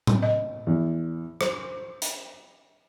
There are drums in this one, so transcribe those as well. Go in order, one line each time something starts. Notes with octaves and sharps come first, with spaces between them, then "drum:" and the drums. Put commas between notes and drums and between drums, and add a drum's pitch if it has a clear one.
drum: tom A2
D#5
E2
C5, drum: rim click
drum: hi-hat